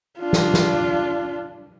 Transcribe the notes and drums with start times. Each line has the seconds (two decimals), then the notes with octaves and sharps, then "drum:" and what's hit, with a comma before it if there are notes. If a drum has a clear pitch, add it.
0.19 D4 F4
0.33 drum: snare
0.54 drum: snare